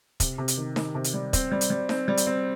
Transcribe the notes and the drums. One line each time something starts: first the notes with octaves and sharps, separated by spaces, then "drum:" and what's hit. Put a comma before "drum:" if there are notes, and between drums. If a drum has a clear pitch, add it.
C3, drum: kick, hi-hat
C3
drum: hi-hat
D#3
D#3, drum: snare D#4
C3
drum: hi-hat
G3
C4, drum: kick, hi-hat
G3
drum: hi-hat
G3
C4, drum: snare D#4
G3
drum: hi-hat
C4